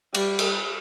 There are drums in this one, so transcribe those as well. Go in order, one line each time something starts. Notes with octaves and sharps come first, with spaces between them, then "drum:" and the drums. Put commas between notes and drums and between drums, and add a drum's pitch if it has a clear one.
G3, drum: cymbal
drum: cymbal